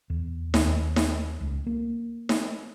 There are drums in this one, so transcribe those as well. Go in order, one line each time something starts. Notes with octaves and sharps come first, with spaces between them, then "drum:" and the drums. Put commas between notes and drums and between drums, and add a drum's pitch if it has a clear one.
E2
D#2, drum: snare D#4
drum: snare D#4
C#2
A#3
drum: snare D#4